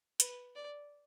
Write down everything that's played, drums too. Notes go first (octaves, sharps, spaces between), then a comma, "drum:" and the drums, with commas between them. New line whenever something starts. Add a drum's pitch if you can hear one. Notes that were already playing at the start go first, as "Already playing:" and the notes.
B4, drum: hi-hat
D5